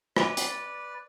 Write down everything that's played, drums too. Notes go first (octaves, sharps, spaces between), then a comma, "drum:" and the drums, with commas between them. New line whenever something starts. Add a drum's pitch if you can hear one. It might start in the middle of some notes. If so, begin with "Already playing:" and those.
B4 D5, drum: rim click
drum: hi-hat